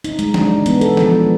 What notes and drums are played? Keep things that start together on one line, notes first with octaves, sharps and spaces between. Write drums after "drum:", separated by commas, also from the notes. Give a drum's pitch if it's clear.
D#4, drum: hi-hat
G#3, drum: hi-hat
D4, drum: snare
E3
B3, drum: hi-hat
A4, drum: hi-hat
F3, drum: snare
G#3